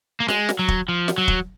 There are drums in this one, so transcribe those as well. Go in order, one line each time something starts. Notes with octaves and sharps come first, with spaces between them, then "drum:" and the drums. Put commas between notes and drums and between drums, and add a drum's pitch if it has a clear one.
A#3
G#3, drum: snare
drum: snare
F#3
drum: kick
F3
drum: snare
F#3
drum: kick